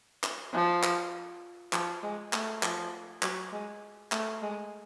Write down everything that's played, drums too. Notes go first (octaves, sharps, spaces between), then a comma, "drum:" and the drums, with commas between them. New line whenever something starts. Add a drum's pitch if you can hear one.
drum: clap
F3
drum: clap
F3, drum: clap
G#3
A3, drum: clap
F3, drum: clap
F#3, drum: clap
G#3
A3, drum: clap
G#3